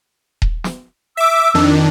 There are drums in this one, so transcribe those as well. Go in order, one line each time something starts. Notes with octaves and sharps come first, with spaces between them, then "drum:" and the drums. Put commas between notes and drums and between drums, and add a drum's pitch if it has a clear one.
drum: kick D#1
drum: snare
E5 D6 E6
F2 D#3 D4